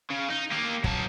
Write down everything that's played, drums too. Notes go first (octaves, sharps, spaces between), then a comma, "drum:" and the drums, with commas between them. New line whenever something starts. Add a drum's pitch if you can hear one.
C#3
D#4
A#3 G4
F#3 A5, drum: kick